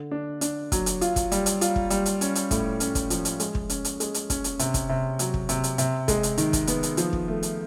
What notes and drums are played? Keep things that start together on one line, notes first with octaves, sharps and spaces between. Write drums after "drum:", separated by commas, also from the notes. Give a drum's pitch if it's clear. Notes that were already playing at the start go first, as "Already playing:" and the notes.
Already playing: D3
D4
D4, drum: hi-hat
F#3, drum: kick, hi-hat
drum: hi-hat
F4, drum: hi-hat
drum: kick, hi-hat
G3, drum: hi-hat
drum: hi-hat
F4, drum: hi-hat
drum: kick
G3, drum: hi-hat
drum: hi-hat
C#4, drum: hi-hat
drum: hi-hat
A2, drum: kick, hi-hat
C#4, drum: hi-hat
drum: kick, hi-hat
F3, drum: hi-hat
drum: hi-hat
G#3, drum: hi-hat
drum: kick
C#4, drum: hi-hat
drum: hi-hat
G#3, drum: hi-hat
drum: hi-hat
C#4, drum: kick, hi-hat
drum: hi-hat
C3, drum: hi-hat
drum: kick, hi-hat
C3
F#3, drum: hi-hat
drum: kick
C3, drum: hi-hat
drum: hi-hat
C3, drum: hi-hat
G#3, drum: kick, hi-hat
drum: hi-hat
D#3, drum: hi-hat
drum: kick, hi-hat
B3, drum: hi-hat
drum: hi-hat
F3, drum: hi-hat
drum: kick
A3
drum: hi-hat